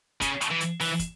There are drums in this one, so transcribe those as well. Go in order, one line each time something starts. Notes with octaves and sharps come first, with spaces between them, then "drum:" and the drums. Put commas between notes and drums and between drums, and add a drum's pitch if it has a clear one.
C#3, drum: kick, hi-hat
drum: hi-hat
E3
drum: hi-hat
E3, drum: open hi-hat
drum: kick, hi-hat